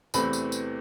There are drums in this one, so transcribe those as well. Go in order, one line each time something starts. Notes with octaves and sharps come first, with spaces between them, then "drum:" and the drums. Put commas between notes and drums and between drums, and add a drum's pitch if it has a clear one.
E2 C3 E3 A3 C4 B5, drum: tambourine
drum: tambourine
drum: tambourine